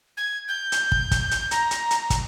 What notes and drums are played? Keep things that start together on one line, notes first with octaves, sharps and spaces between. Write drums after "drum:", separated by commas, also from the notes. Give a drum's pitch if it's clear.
G#6
G6
drum: hi-hat
drum: kick
drum: kick, hi-hat
drum: hi-hat
A#5, drum: hi-hat
drum: hi-hat
drum: hi-hat
drum: kick, hi-hat